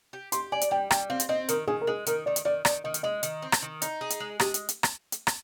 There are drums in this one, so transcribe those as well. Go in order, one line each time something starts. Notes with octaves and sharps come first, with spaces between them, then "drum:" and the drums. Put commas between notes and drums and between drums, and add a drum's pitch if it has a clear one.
G4
G4 C6, drum: hi-hat
D5 G#5
drum: hi-hat
G3 G5
G3 G5, drum: rim click
C4 F5
drum: hi-hat
C4 D#5
D#3 A#4, drum: hi-hat
D#3 G#4
A#4
G#3 G#4
D#3 A#4, drum: hi-hat
D#3 D5
drum: hi-hat
D#3 D5
D#3 D5, drum: rim click
D#3 D#5
drum: hi-hat
G#3 D#5
D#3, drum: hi-hat
C4
drum: rim click
D#3
D#4, drum: hi-hat
G#4
drum: hi-hat
G#3
G4 G#4, drum: rim click
drum: hi-hat
drum: hi-hat
drum: rim click
drum: hi-hat
drum: rim click